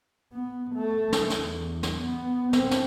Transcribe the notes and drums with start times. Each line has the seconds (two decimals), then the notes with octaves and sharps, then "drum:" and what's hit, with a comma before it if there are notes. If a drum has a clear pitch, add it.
0.33 B3
0.75 A3
1.13 drum: snare
1.30 E2, drum: snare
1.83 drum: snare
2.01 B3
2.53 C4, drum: snare
2.71 drum: snare